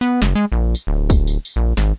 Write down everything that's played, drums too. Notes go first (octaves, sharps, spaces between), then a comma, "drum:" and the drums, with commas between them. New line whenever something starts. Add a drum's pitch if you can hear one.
B3
F#1, drum: snare
G#3
A#1
drum: tambourine
D1
drum: kick, tambourine
drum: tambourine
drum: tambourine
A#1
G#1, drum: snare